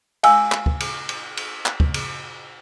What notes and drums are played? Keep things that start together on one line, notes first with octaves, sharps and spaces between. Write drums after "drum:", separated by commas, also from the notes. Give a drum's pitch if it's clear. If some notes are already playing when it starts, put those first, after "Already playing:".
F5 G#5 E6, drum: cymbal
drum: clap
drum: kick
drum: cymbal
drum: cymbal
drum: cymbal
drum: clap
drum: kick
drum: cymbal